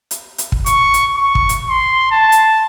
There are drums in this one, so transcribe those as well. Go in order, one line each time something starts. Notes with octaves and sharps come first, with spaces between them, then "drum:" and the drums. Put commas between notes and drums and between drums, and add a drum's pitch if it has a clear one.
drum: hi-hat
drum: hi-hat
drum: kick
C#6, drum: hi-hat
drum: hi-hat
C#6
drum: kick
drum: hi-hat
C6
A5
drum: hi-hat